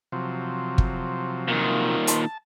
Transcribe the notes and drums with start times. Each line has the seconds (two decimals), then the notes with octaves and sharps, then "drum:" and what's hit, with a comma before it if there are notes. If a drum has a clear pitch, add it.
0.12 C3 F3 F#3
0.78 drum: kick
1.48 A#2 D#3
2.07 B4 C5 A5, drum: hi-hat
2.23 A5